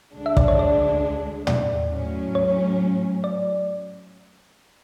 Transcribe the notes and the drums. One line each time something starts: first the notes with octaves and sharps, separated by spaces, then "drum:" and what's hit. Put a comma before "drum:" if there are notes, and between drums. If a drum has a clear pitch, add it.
D2 D3 G#3 D4
E5
D5, drum: kick
C#5
D5
D5, drum: tom
A2 F#3 C#4
C#5
D5